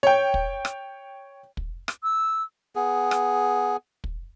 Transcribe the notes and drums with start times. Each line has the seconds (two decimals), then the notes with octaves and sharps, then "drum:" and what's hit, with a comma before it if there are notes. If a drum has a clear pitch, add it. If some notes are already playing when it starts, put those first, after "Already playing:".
0.03 C#5 G5
0.34 drum: kick
0.65 drum: rim click
1.57 drum: kick
1.88 drum: rim click
2.03 E6
2.76 B3 G#4
3.11 drum: rim click
4.04 drum: kick